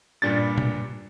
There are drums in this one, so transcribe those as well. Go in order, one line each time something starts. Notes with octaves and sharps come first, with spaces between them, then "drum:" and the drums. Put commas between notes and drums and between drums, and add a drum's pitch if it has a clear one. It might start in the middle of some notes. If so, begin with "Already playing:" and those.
G2 A#2 G3 D4 A6
drum: tom B2